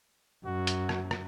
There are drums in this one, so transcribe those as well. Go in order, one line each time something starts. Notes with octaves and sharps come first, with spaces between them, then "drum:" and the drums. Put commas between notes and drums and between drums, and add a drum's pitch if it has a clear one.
F#2 F#4
drum: hi-hat
drum: rim click
drum: rim click